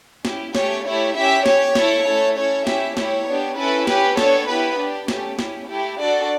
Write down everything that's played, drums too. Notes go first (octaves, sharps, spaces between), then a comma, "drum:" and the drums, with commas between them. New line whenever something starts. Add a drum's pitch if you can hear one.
C#4 E4 G4, drum: snare
A3 C#4 G4 C#5, drum: snare
A3 E4 G4 C#5
C#4 E4 G4 E5
C#4 G4 C#5, drum: snare
A3 E4 A4, drum: snare
A3 C#4 E4 A4
C#4 E4 A4 C#5
C#4 E4 G4 E5, drum: snare
A3 E4 G4 C#5, drum: snare
B3 D4 G4
C#4 E4 A4 B4
C#4 G4 B4, drum: snare
B3 D4 A4 C#5, drum: snare
B3 E4 G4 B4
D4 G4
A3 C#4 G4, drum: snare
C#4 E4 G4, drum: snare
A3 E4 G4
D4 F#4 A4 D5